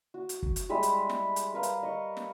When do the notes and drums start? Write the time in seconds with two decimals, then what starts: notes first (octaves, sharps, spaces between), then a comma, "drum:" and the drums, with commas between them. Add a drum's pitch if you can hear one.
0.14 F#4
0.29 drum: hi-hat
0.43 drum: kick
0.56 drum: hi-hat
0.69 G3 G#3 E5 B5
0.83 drum: hi-hat
1.09 drum: snare
1.36 drum: hi-hat
1.54 A#4 B4 F5
1.63 drum: hi-hat
1.83 D#5 C#6
2.17 drum: snare